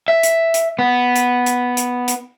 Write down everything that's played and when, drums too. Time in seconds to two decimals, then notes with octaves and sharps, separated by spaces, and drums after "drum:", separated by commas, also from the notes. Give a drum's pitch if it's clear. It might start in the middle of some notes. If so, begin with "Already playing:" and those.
0.08 E5
0.23 drum: hi-hat
0.54 drum: hi-hat
0.79 B3
1.16 drum: hi-hat
1.46 drum: hi-hat
1.77 drum: hi-hat
2.08 drum: hi-hat